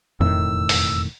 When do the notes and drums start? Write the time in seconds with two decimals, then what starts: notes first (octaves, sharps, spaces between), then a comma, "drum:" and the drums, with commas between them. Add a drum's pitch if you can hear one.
0.20 E1 F2 A2 D#3 E6
0.69 drum: open hi-hat